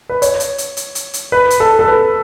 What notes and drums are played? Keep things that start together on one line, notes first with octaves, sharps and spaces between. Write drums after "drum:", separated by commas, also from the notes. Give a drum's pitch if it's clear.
B4
C#5, drum: hi-hat
drum: hi-hat
drum: hi-hat
drum: hi-hat
drum: hi-hat
drum: hi-hat
B4
drum: hi-hat
A4
A4
B4